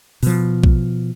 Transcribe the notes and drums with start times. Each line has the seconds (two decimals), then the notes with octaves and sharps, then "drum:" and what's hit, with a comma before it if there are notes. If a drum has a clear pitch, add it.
0.23 B2 F3, drum: open hi-hat
0.64 drum: kick